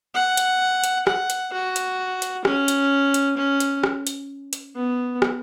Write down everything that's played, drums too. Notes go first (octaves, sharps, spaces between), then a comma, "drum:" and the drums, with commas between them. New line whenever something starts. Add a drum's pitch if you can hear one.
F#5
drum: hi-hat
drum: hi-hat
F#5, drum: rim click
drum: hi-hat
F#4
drum: hi-hat
drum: hi-hat
C#4, drum: rim click
drum: hi-hat
drum: hi-hat
C#4
drum: hi-hat
drum: rim click
drum: hi-hat
drum: hi-hat
B3
drum: rim click